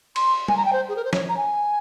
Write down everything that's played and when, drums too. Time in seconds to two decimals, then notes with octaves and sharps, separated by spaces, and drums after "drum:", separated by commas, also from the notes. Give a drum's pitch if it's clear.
0.16 C6, drum: cymbal
0.48 G#5, drum: tom
0.57 A#5
0.65 G5
0.73 C5
0.89 G#4
0.96 A#4
1.05 C5
1.13 C#5, drum: snare
1.29 A#5
1.37 G#5